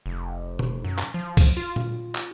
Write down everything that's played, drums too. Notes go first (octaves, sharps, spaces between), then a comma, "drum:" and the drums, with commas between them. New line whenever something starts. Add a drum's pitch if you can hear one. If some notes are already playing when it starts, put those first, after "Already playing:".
F1
drum: tom B2
F#2
drum: clap
F3
drum: kick, open hi-hat
F4
drum: tom A#2
drum: clap